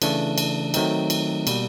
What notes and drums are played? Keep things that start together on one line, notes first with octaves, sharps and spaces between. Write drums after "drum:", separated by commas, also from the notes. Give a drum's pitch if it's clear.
C#3 E3 A3 D4, drum: cymbal
drum: cymbal
D#3 F#3 A3 C4 D#4, drum: cymbal
drum: cymbal
B2 G3 A#3, drum: cymbal